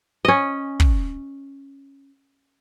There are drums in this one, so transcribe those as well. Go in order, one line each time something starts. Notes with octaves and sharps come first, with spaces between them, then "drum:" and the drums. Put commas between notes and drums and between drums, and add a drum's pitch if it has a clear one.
C#4 D#5
drum: kick